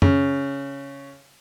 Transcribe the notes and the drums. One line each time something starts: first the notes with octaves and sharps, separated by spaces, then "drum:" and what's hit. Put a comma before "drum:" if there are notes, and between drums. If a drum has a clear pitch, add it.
C#3, drum: tom F#2